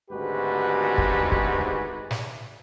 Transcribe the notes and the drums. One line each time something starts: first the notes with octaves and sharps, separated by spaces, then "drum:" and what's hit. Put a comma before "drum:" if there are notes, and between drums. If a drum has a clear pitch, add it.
G#1 D2 G#2 F#4 G4 B4
drum: kick
drum: kick
drum: snare